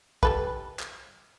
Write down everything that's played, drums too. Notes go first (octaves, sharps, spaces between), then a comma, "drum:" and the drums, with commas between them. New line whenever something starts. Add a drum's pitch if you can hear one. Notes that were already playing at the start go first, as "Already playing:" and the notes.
G3 A4 B4, drum: kick
drum: clap